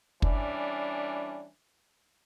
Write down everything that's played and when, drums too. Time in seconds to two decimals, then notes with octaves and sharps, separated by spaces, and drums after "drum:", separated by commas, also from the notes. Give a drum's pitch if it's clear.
0.22 E3 G3 C#4 D4, drum: kick